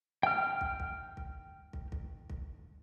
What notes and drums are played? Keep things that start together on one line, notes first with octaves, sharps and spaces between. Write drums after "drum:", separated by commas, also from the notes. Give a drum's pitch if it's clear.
G5 F6
drum: kick
drum: kick
drum: kick
drum: kick
drum: kick
drum: kick